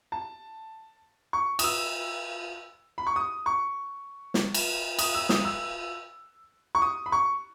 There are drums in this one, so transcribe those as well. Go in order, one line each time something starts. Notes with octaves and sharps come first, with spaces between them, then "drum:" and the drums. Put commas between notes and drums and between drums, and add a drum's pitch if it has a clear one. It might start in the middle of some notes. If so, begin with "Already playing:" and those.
A5
C#6
D#6, drum: cymbal
E6
B5
C#6
D#6
C#6
drum: snare
drum: cymbal
D#6, drum: cymbal
E6
D#6, drum: snare
E6
C#6
D#6
B5
C#6